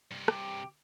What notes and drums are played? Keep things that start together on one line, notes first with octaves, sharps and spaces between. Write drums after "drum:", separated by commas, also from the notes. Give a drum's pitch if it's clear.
G2 C3
G4, drum: rim click